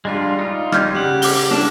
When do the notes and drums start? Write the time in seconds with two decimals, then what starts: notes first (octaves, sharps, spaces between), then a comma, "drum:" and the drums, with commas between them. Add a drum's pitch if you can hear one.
0.05 G3 G#3 D4 F4
0.39 D#4 F4
0.72 G3 F6 G6 G#6, drum: rim click
0.94 C#3 G4 F#5
1.22 D6 G7, drum: open hi-hat
1.51 D4, drum: snare